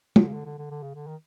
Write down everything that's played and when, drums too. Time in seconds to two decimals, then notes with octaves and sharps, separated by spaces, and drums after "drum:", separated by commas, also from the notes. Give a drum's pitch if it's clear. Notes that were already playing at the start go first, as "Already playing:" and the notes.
0.16 C#3, drum: tom
0.21 D3
0.28 C#3
0.33 D3
0.46 D3
0.58 D3
0.71 D3
0.83 C#3
0.95 D3
1.07 D#3